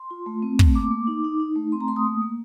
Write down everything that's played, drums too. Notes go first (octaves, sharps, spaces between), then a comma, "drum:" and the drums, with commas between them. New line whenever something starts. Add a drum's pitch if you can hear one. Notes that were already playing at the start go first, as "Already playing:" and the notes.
Already playing: C6
F4
A3
C4
A3, drum: kick
A#3 D6
A#3
D#4
D#4
D#4
A3
C4 C6
A#5
A3 C6
D#6
A#3
A#3